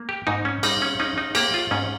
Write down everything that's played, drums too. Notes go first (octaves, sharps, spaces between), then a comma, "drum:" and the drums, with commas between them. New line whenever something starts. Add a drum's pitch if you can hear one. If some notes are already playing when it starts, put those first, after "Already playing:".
Already playing: A#3
G4
G#2 D#4
C#4
G3 D#4, drum: cymbal
C#4
C#4 D#4
D#4
A#3 G4, drum: cymbal
F4
G#2 C#4